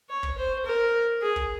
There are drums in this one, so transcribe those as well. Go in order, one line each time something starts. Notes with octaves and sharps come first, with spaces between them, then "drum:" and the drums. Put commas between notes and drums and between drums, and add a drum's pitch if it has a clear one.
C#5
drum: kick
C5
A#4
G#4
drum: kick